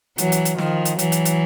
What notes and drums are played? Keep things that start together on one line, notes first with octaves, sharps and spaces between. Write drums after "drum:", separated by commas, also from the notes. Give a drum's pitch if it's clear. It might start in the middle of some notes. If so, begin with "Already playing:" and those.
E3 F#3, drum: hi-hat
drum: hi-hat
drum: hi-hat
D#3 F3, drum: snare
drum: hi-hat
E3 F#3, drum: hi-hat
drum: hi-hat
drum: hi-hat